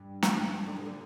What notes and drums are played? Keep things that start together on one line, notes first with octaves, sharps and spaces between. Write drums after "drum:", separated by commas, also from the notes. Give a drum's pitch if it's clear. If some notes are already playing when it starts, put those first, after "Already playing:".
Already playing: G2
drum: snare
D3 F3
C3 D#3
D3 F3